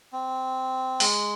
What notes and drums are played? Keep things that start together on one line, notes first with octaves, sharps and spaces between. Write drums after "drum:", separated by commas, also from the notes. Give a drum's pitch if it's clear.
C4
G#3, drum: open hi-hat